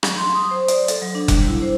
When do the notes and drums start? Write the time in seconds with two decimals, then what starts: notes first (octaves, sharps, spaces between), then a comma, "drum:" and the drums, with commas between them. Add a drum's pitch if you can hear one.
0.03 F#3, drum: rim click
0.17 C6
0.35 D#6
0.51 C5
0.68 D5, drum: hi-hat
0.88 A4, drum: hi-hat
1.02 F#3
1.15 D4
1.28 G3, drum: kick F1, hi-hat
1.48 E4
1.62 C5